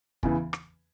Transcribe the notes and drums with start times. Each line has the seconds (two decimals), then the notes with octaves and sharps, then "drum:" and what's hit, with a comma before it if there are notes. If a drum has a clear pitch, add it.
0.23 E2 C#3 E3, drum: kick
0.53 drum: rim click